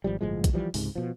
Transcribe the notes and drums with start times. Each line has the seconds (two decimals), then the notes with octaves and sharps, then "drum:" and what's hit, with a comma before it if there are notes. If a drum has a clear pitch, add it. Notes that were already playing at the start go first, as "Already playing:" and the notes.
0.04 G#1 F3 G3
0.21 G1 A2 F3 G#3
0.44 drum: kick, hi-hat
0.53 E3 F3 G3
0.74 C#2 G#2 C3, drum: open hi-hat
0.95 B2 F3